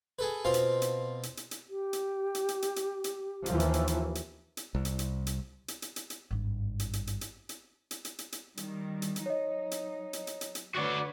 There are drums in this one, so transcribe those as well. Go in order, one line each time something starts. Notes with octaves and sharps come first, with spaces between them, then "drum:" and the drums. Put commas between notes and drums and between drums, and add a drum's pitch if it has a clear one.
G#4 A4 B4
B2 C4 F4 F5
drum: hi-hat
drum: hi-hat
drum: hi-hat
drum: hi-hat
drum: hi-hat
G4
drum: hi-hat
drum: hi-hat
drum: hi-hat
drum: hi-hat
drum: hi-hat
drum: hi-hat
D#2 E3 F3, drum: hi-hat
drum: hi-hat
drum: hi-hat
drum: hi-hat
drum: hi-hat
drum: hi-hat
C2
drum: hi-hat
drum: hi-hat
drum: hi-hat
drum: hi-hat
drum: hi-hat
drum: hi-hat
drum: hi-hat
G#1 G2
drum: hi-hat
drum: hi-hat
drum: hi-hat
drum: hi-hat
drum: hi-hat
drum: hi-hat
drum: hi-hat
drum: hi-hat
drum: hi-hat
D#3 G3, drum: hi-hat
drum: hi-hat
drum: hi-hat
F#3 D#4 C#5 D#5
drum: hi-hat
drum: hi-hat
drum: hi-hat
drum: hi-hat
drum: hi-hat
D3 F#4 B4 C#5 D5